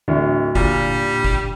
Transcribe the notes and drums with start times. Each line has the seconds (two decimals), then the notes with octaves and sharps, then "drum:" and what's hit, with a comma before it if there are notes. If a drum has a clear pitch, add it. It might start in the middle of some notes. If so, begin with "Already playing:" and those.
0.08 D1 D3 E3
0.55 A#2 G3, drum: kick F#1
1.24 drum: kick F#1